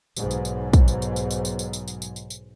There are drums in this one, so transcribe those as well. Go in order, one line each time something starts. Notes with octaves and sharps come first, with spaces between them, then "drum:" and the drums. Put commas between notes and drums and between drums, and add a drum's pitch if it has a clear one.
B1 G#2, drum: tambourine
drum: tambourine
drum: tambourine
drum: kick, tambourine
drum: tambourine
drum: tambourine
drum: tambourine
drum: tambourine
drum: tambourine
drum: tambourine
drum: tambourine
drum: tambourine
drum: tambourine
drum: tambourine
drum: tambourine